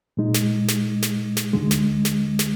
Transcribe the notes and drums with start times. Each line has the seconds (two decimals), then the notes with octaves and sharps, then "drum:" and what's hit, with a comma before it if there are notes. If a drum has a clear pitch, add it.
0.17 A#2 G#3 D#4
0.34 drum: snare
0.68 drum: snare
1.03 drum: snare
1.37 drum: snare
1.53 D2 D3 G#3
1.71 drum: snare
2.05 drum: snare
2.39 drum: snare